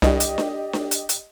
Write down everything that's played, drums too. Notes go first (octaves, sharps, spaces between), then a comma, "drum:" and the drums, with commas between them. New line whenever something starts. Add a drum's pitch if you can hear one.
C2 G4 D5 D#5, drum: snare D4
drum: hi-hat
drum: snare D4
drum: snare D4
drum: hi-hat
drum: hi-hat